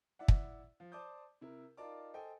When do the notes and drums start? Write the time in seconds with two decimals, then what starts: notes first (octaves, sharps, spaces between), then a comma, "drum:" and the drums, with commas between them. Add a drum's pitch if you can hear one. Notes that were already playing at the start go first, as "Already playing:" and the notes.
0.19 E4 D5 E5 F#5
0.28 drum: kick
0.80 F3
0.92 C5 D5 A5 D6 D#6 G6
1.41 C3 E4 A#4
1.77 D#4 F4 A#4 D5 A5 D6
2.14 A4 C5 D#5 G5 G#5